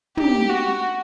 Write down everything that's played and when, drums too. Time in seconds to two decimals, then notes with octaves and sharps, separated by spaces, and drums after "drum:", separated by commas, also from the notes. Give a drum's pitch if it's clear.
0.17 G4, drum: tom
0.50 F#4